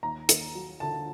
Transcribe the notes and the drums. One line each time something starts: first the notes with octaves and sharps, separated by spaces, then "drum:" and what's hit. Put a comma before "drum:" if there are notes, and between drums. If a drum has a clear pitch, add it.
D#2 A#5
D#2, drum: hi-hat
F#3
D3 A5